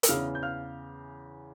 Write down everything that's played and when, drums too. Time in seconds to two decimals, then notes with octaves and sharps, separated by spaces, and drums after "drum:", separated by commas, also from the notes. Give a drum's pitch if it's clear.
0.03 E6, drum: hi-hat
0.08 E2 C#3 E3 F5 F6
0.35 G6
0.43 F5 F6